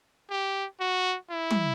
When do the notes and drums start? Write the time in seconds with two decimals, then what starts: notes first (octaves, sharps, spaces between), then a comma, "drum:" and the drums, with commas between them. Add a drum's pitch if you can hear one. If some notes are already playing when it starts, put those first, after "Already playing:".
0.30 G4
0.80 F#4
1.31 E4
1.51 drum: tom